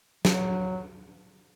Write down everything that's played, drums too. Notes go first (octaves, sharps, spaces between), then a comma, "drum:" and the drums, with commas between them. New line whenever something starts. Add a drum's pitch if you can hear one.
F#3, drum: snare